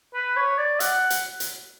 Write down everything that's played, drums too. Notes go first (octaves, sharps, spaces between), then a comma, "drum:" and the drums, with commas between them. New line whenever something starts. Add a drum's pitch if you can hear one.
B4
C#5
D5
F#5, drum: hi-hat
drum: hi-hat
drum: hi-hat